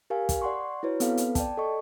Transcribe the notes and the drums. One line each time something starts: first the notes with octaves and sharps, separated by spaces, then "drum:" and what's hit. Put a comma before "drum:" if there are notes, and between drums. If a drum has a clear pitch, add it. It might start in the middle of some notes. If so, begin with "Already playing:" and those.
G4 A#4 F5 G#5
drum: kick, hi-hat
D5 F#5 C6 C#6
E4 F#4 B4 C#5
B3 C4 A4 B4 F5, drum: hi-hat
drum: hi-hat
D5 G5 A5, drum: kick, hi-hat
A4 D#5 C#6